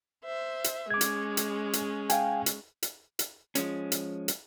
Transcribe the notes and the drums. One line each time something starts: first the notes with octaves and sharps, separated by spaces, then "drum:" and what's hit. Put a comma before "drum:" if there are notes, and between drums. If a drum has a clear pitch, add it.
C5 E5
drum: hi-hat
G#3 C#4 D6 G#6
drum: hi-hat
drum: hi-hat
drum: hi-hat
F5 G5 G#5, drum: hi-hat
drum: hi-hat
drum: hi-hat
drum: hi-hat
F3 G#3 C#4, drum: hi-hat
drum: hi-hat
drum: hi-hat